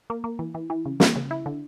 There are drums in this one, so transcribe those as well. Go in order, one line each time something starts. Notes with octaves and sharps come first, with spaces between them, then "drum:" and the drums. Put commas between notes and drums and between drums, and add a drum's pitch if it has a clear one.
A#3
A#3
E3
E3
E3
C#3
A#3, drum: snare
C#3
E4
D3